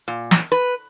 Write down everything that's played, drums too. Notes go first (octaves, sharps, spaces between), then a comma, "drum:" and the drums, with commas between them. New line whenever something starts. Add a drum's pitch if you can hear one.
A#2
drum: snare
B4